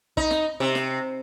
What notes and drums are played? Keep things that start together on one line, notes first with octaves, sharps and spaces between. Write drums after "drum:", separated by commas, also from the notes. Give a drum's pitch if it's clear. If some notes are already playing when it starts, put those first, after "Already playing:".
D#4, drum: kick
drum: snare
C3
drum: snare